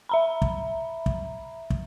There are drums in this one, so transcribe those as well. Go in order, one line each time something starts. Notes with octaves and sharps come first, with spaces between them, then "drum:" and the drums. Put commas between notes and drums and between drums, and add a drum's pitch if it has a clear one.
E5 A#5 B5
drum: kick
drum: kick
drum: kick